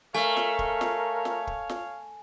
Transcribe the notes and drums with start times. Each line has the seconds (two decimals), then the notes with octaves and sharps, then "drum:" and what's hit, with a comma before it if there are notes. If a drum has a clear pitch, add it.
0.15 A3 A#4 C#5 F5 G#5
0.37 drum: snare
0.59 drum: kick
0.81 drum: snare
1.25 drum: snare
1.47 drum: kick
1.69 drum: snare